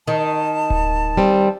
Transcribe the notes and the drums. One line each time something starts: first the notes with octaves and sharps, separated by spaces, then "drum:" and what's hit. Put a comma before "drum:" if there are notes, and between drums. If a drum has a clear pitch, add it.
D#3 A5
drum: kick D1
G3 C4